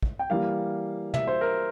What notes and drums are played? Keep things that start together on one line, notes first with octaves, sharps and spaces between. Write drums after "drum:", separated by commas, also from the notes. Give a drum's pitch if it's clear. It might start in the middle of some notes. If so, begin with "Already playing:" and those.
drum: kick
G5
E3 G3 A#3 F5
E5, drum: tom
C5
A#4